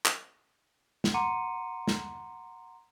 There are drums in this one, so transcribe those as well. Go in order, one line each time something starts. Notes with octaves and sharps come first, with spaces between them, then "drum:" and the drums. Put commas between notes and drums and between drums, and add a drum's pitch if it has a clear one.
drum: clap
drum: snare
F#5 A#5 C6 D6 C#7 D#7
drum: snare